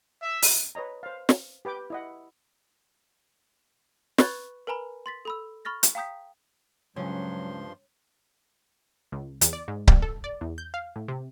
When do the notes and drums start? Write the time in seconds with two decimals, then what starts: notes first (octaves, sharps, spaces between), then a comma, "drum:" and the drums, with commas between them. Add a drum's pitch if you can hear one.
0.22 E5
0.42 drum: open hi-hat
0.75 B4 C#5 D#5 A#5
1.03 C5 F5
1.29 drum: snare
1.65 G4 B4 G5 D6
1.90 E4 D#5 F#5
4.18 B4 B5 C#6 F#6 G#6 A6, drum: snare
4.67 A#4 B4 G#5 A#5 B5
5.06 C6 A6 B6
5.25 A4 B5 E6
5.65 B5 C#6 F6 A6 A#6
5.83 drum: hi-hat
5.95 F5 G5 A#5 D#6 G6 B6
6.96 C#2 G2 F3 F#3 C#4 C6
9.12 C#2
9.41 E2, drum: hi-hat
9.53 D5
9.68 G#2
9.87 G3, drum: kick C#1
10.02 A4
10.24 D5
10.41 E2
10.58 G6
10.74 F5
10.96 A2
11.08 C3